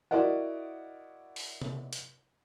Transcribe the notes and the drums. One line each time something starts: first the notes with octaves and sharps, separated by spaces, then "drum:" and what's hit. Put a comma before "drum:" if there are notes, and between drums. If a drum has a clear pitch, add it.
E4 F#4 A#4 D5 D#5 F#5
drum: open hi-hat
drum: tom C3
drum: hi-hat